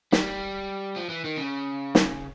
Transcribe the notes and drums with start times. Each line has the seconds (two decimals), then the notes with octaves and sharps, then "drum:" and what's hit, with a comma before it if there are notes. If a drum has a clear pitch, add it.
0.12 G3, drum: snare
0.96 F3
1.09 E3
1.24 D#3
1.38 C#3
1.95 drum: snare